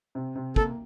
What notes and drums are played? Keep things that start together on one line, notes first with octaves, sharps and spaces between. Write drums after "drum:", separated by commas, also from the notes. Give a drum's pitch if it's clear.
C3
C3
A#3 A4, drum: kick